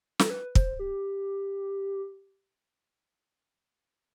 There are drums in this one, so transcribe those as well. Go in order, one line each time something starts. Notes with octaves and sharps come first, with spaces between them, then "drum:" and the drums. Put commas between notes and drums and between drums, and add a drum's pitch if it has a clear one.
A4, drum: snare
B4
C5, drum: kick
G4